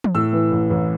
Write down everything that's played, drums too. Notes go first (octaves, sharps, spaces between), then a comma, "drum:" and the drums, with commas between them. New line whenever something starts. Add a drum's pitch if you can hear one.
drum: tom E3
A2 E6
E3
A1
A1